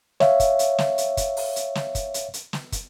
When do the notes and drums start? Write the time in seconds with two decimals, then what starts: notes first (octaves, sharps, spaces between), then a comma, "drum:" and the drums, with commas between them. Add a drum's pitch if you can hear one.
0.20 C#5 E5 F5, drum: snare
0.40 drum: kick, hi-hat
0.59 drum: hi-hat
0.78 drum: snare
0.98 drum: hi-hat
1.17 drum: kick, hi-hat
1.37 drum: open hi-hat
1.56 drum: hi-hat
1.75 drum: snare
1.95 drum: kick, hi-hat
2.14 drum: hi-hat
2.34 drum: hi-hat
2.53 drum: snare
2.72 drum: kick, hi-hat